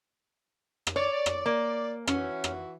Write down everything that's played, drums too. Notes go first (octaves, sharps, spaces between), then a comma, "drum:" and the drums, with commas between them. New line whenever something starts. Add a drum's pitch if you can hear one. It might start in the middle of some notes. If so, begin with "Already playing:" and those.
drum: rim click
C#5 D5
drum: rim click
A#3 D5
E3 C#4 F#4, drum: rim click
drum: rim click